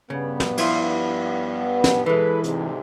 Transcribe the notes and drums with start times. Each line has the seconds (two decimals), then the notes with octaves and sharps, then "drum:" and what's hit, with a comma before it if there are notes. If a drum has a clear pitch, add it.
0.10 G2 C#3 B3
0.40 drum: snare
0.57 F3 E4 F4, drum: cymbal
1.84 drum: snare
2.06 E3 G#3 E4 A4 B4
2.44 D2 G#2 C3, drum: hi-hat